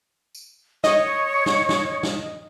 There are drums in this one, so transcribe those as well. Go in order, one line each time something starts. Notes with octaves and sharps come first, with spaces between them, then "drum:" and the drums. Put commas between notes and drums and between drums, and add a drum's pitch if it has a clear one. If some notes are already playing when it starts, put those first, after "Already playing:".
drum: tambourine
C#5 D#5, drum: snare
drum: snare
drum: snare
drum: snare